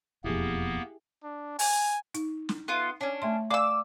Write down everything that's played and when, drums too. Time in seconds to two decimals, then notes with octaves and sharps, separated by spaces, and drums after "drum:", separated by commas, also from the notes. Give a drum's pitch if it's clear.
0.24 E1 F2 A#3 B3 E4 G4 G#4
1.24 D4
1.59 G#5, drum: open hi-hat
2.14 D#4, drum: hi-hat
2.49 drum: snare
2.68 B3 F4
3.01 C#4 D4 C#5
3.22 A3 E5 C6
3.51 D5 F5 G#5 D6 E6